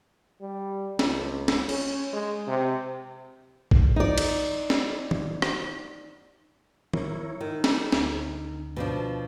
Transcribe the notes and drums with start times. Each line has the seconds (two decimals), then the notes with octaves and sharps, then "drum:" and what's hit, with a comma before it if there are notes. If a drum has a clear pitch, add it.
0.41 G3
0.99 C#2, drum: snare
1.48 drum: snare
1.69 C#4, drum: cymbal
2.13 G#3
2.48 C3
3.71 drum: kick A#1
3.96 D#4 D5
4.18 drum: cymbal
4.70 drum: snare
5.11 drum: tom
5.42 drum: rim click
6.94 E4 A#4 C#5, drum: tom
7.41 D#3 E4
7.64 drum: snare
7.92 D2, drum: snare
8.76 B2 F3 D4